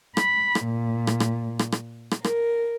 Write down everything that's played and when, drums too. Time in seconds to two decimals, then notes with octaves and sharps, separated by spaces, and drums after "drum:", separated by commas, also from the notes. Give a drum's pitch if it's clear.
0.17 B5, drum: rim click
0.55 drum: rim click
0.65 A#2
1.07 drum: rim click
1.20 drum: rim click
1.59 drum: rim click
1.72 drum: rim click
2.11 drum: rim click
2.24 A#4, drum: rim click